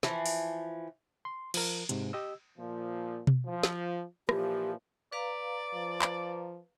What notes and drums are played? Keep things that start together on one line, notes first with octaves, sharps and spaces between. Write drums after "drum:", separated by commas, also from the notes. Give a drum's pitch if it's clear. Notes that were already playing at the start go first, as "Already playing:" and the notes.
E3 F3, drum: snare
drum: open hi-hat
C6
F3 A#4, drum: cymbal
G#2 C3, drum: hi-hat
G4 D#5 E6
A#2 F3
drum: tom B2
F3
drum: snare
A#2 E3 F3 G4, drum: rim click
B4 D5 F5 A#5
F3
drum: clap